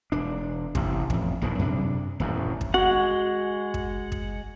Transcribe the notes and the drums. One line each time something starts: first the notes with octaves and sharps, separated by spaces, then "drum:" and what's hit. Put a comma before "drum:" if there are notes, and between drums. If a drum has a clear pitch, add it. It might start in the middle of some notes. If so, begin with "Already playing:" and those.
E1 D4
A1 C3, drum: kick
A1 F2, drum: kick
A#1 E2 B2 D#3
F#2 C3 A#3 D4
D#1 A1 F#2
drum: kick
G#3 F#4 F#5
drum: kick
drum: kick